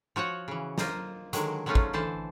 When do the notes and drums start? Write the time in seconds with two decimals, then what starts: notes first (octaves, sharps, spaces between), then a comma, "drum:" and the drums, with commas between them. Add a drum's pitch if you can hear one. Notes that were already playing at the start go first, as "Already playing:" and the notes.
0.16 F3 F#4 C#5 F#5
0.48 C#3 E3
0.78 A#3 F4 C5 D#5 A#5, drum: snare
1.33 D3 D#3 F#3 G#3, drum: hi-hat
1.66 F#3 G#3 A3 C#4 D#4 F4
1.75 drum: kick
1.93 D3 E3 C5 A5